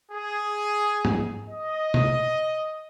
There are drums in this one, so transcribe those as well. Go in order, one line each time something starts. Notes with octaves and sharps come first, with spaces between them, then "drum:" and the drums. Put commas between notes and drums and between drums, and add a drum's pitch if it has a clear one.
G#4
drum: tom G#2
D#5
drum: tom